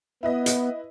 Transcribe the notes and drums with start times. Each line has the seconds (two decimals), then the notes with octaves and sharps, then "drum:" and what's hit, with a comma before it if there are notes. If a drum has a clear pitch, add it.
0.23 B3 E4 B4 D#5
0.46 drum: hi-hat